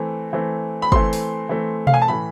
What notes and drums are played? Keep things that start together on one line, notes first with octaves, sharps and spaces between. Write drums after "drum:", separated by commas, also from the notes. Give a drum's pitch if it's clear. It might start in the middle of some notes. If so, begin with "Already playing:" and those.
Already playing: E3 A3 C4
E3 A3 C4
B5
E3 A3 C4 C6, drum: kick
drum: open hi-hat
E3 A3 C4
F5, drum: tom B2
G#5
A5
A2 E3 A3 B5